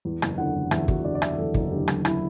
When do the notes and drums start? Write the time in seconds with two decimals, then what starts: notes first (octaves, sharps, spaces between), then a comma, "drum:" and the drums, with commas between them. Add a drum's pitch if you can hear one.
0.05 E2
0.22 F#1, drum: rim click
0.38 D3 F#5
0.55 F#1
0.71 E2 E5, drum: rim click
0.88 F#1 F#4, drum: kick
1.05 D3 D5
1.15 D5
1.22 F#1 E5, drum: rim click
1.38 E2 A4
1.54 F#1, drum: kick
1.71 D3 G4
1.88 F#1, drum: rim click
2.05 E4, drum: rim click